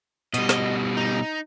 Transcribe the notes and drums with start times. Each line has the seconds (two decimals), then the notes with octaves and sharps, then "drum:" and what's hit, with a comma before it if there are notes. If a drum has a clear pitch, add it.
0.34 B2 G3 D#5, drum: hi-hat
0.49 drum: snare
0.97 D#4